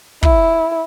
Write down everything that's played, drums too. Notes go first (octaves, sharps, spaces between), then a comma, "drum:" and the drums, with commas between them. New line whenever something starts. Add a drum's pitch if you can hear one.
E4, drum: kick